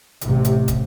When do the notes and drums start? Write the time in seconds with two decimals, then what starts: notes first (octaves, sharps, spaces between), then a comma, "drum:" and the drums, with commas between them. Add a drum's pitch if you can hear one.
0.21 A1 C3, drum: hi-hat
0.45 drum: hi-hat
0.68 drum: kick, hi-hat